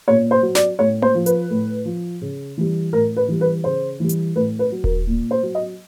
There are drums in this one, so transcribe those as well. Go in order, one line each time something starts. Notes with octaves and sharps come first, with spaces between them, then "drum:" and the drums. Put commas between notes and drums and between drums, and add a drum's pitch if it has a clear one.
A#2 C#5
C5
F#3
D5, drum: snare
A2 C#5
C5, drum: tom A#3
F3
B4, drum: hi-hat
A2
F3
C#3
E3 G3
A2 A#4
B4
E3 G3
B4
C#3 C5
E3 G3
drum: hi-hat
A2 B4
B4
F#3
A#4, drum: kick D#1
A#2
C5
F#3
D#5